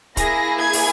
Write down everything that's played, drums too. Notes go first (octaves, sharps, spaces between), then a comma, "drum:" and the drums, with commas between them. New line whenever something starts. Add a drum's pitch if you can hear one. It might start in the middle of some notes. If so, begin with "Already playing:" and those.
A#3 E4 G#4 A#6, drum: kick, hi-hat
G#6
drum: open hi-hat